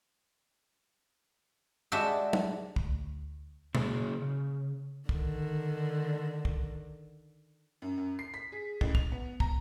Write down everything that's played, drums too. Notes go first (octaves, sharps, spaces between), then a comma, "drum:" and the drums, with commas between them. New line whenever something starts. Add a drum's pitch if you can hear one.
G#3 D4 F#4 G4 E5
drum: tom F#3
D2, drum: kick
C#3 F#3 A#3 G#4 C#5, drum: tom A#2
C#3
D3 D#3, drum: kick
drum: kick
F#2
F#2
C7
B6
G#4
A1, drum: kick
F7, drum: kick
B3
A#5, drum: kick